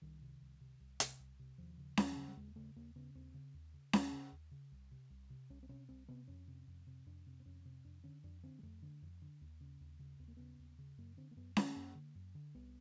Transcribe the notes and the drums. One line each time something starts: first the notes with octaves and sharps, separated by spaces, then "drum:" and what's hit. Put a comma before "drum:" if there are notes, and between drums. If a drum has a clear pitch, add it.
C2 D#3
C3
C2
C3
C2
C3, drum: hi-hat
C2
C3
D#2 F3
C#3
D#2, drum: snare C#4
F3
C#3 F#3
G3
D#2 G#3
C#3 A3
D#2 A#3
C#3 B3
D#2 C4
C#3
D#2
C#3
D#2, drum: snare C#4
C#3
D#2
C#3
C2
C3
C2
C3
C2 C#4
C4
C3 C#4
C2 C4
C3 B3
F2 C#4
C3
F2
C3
F2 D4
C3
C4
F2 C#4
C3
F2 D4
D3 C#4
F2 D4
D3 C4
G#3
F2 A3
D3
F2
D3
D#2
C#3
D#2
C#3
D#2 B3
A#3
C#3 B3
D#2
C#3
F#2 A#3
D3 C4
A#3
F#2 B3
D3 A3, drum: snare C#4
F#2 A#3
D3
F#2
D3
C2 B3